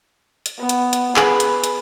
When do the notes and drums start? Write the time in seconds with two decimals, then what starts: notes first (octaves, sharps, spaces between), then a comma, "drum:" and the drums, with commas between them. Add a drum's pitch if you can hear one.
0.46 drum: hi-hat
0.58 B3
0.69 drum: hi-hat
0.93 drum: hi-hat
1.16 G#4 B4, drum: clap
1.40 drum: hi-hat
1.64 drum: hi-hat